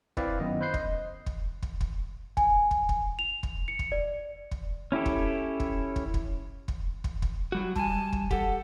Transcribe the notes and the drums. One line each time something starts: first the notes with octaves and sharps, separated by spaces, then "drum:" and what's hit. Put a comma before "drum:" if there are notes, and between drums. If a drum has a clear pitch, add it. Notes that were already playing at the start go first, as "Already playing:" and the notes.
C4 E4 B4 D5 E5 F5, drum: kick
F#2 D#3 B3 D#5
C5 B5 F#6 G6 C7
D#5, drum: kick
drum: kick
drum: kick
drum: kick
G#5, drum: kick
drum: kick
drum: kick
F7
drum: kick
C#7
drum: kick
D5
drum: kick
C#4 E4 G4 A4
drum: kick
drum: kick
drum: kick
drum: kick
drum: kick
drum: kick
drum: kick
F#3 G3 F#4
G3 G#5 A5, drum: kick
drum: kick
G4 A4 F#5, drum: kick